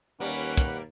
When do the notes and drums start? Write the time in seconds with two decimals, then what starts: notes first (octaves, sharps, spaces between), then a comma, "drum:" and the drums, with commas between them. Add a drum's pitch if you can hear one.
0.20 D#2 G3 A#3 C#4 B4 F#5 B5
0.57 drum: kick, hi-hat